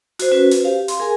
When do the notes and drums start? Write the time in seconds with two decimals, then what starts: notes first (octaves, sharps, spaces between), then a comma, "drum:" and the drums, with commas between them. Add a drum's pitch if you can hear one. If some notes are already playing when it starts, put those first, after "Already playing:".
0.19 F#4 C5, drum: hi-hat
0.31 C#4 F#4 B4
0.51 C5, drum: hi-hat
0.65 G4 F5
0.88 C6, drum: hi-hat
1.00 G#4 A#4 F5 G#5